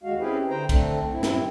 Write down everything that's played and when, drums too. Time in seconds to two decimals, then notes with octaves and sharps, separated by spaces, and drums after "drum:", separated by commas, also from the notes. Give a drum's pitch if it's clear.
0.03 D#2 G#3 F#4 F5
0.19 C4 C#4 E4 G4 G#4 B4
0.49 D3 C5 G5 A#5
0.69 D3 A3 C4 D4, drum: kick, cymbal
1.12 G2 C4 E4
1.23 drum: snare